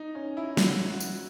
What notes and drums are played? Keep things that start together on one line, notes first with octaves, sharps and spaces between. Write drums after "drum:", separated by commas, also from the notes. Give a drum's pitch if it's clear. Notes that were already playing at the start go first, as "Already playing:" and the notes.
Already playing: D#4
C#4
E4
F#4, drum: snare
F#4
drum: tambourine